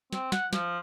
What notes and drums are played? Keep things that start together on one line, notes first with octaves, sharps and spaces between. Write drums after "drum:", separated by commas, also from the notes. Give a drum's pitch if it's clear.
C4, drum: snare
F#5, drum: snare
F3, drum: snare